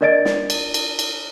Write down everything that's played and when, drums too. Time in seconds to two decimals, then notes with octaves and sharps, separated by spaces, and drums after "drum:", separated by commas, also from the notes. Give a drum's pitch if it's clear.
0.01 D4 A#4 D5 D#5 A6 D7
0.25 drum: snare
0.50 drum: cymbal
0.74 drum: cymbal
0.99 drum: cymbal